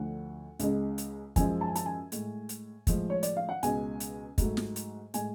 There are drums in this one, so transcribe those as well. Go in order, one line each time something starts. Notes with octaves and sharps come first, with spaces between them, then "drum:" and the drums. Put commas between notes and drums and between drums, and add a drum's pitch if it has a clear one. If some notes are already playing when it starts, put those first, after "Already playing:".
Already playing: D2 D3 F3 A3 F#5
C#2 C#3 G#3, drum: hi-hat
drum: hi-hat
F#2 F3 G#3 G#5, drum: kick, hi-hat
A5
G#5
A5, drum: hi-hat
G#5
A2 G#3, drum: hi-hat
drum: hi-hat
A2 F3 G#3, drum: kick, hi-hat
C#5
D5, drum: hi-hat
F5
F#5
C#2 B2 G#3 G#5, drum: hi-hat
drum: hi-hat
G#2 F#3 A3, drum: kick, hi-hat
drum: snare
drum: hi-hat
A2 G#3 G#5, drum: hi-hat